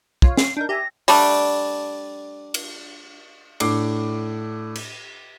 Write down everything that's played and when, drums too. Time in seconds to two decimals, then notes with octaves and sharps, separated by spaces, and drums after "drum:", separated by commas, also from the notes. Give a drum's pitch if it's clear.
0.22 F4 C#5 F5, drum: kick
0.37 C7, drum: snare
0.57 D4 D#4 A#4 G6
0.69 G4 E5 G#5 A#6
1.08 G3 A3 D4, drum: open hi-hat
2.54 drum: cymbal
3.60 A2 D4 D6 C7, drum: cymbal
4.75 drum: cymbal